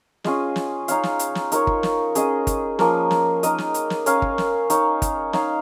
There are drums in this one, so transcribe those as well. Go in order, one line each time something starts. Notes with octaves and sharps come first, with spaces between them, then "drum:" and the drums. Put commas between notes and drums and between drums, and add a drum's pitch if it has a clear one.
C#4 F4 G#4 D#5, drum: snare
drum: snare
D#4 C#5 F5, drum: hi-hat
drum: snare
drum: hi-hat
drum: snare
D#4 A#4 C#5, drum: hi-hat
drum: kick
drum: snare
C#4 G#4 D#5, drum: hi-hat
drum: kick, hi-hat
F3 A#3 C#4 A#4, drum: snare
drum: snare
D#4 A#4 D#5, drum: hi-hat
drum: snare
drum: hi-hat
drum: snare
C#4 A#4 C#5 F5, drum: hi-hat
drum: kick
drum: snare
D#4 C#5 F5, drum: hi-hat
drum: kick, hi-hat
D#4 C#5 F5, drum: snare